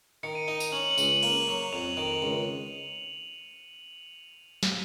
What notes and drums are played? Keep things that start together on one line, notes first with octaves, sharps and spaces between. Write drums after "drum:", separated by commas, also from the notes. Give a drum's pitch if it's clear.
D#3 C#7
D#7
D#4 D#7
F7, drum: tambourine
C#4 F#7
F#7
C#2, drum: tambourine
F#7
A#3, drum: cymbal
F#7
F#3
F2 F7
D#3
C#2
drum: snare